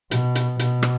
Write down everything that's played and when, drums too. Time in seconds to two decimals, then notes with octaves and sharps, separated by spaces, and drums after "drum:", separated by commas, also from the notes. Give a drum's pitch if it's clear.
0.11 B2, drum: hi-hat
0.35 drum: hi-hat
0.59 B2, drum: hi-hat
0.83 drum: rim click